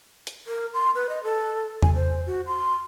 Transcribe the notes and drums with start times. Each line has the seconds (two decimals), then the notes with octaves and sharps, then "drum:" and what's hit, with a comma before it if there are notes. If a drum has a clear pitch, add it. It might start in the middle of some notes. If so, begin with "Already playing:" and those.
0.27 drum: hi-hat
0.47 A#4
0.74 C6
0.95 B4
1.09 D#5
1.23 A4
1.82 G#5, drum: tom E2
1.95 C5
2.27 F#4
2.47 C6